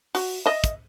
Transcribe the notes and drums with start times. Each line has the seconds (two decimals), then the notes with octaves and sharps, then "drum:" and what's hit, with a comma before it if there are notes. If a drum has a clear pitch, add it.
0.15 F#4, drum: open hi-hat
0.46 D#5 E5
0.64 drum: kick, hi-hat